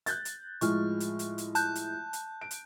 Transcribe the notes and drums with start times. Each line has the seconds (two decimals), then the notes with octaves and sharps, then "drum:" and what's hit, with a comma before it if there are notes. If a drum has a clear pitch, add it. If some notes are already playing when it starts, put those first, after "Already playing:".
0.06 F#6 G6 A6, drum: hi-hat
0.25 drum: hi-hat
0.61 A2 F3 G#3 C#6 F6, drum: hi-hat
1.00 drum: hi-hat
1.19 drum: hi-hat
1.38 drum: hi-hat
1.55 A5 F#6 G6, drum: hi-hat
1.75 drum: hi-hat
2.13 drum: hi-hat
2.41 D7
2.51 drum: hi-hat